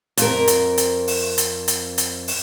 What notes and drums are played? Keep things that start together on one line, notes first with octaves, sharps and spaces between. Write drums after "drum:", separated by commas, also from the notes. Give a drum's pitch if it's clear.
F2 A#4, drum: hi-hat
drum: hi-hat
drum: hi-hat
drum: open hi-hat
drum: hi-hat
drum: hi-hat
drum: hi-hat
drum: open hi-hat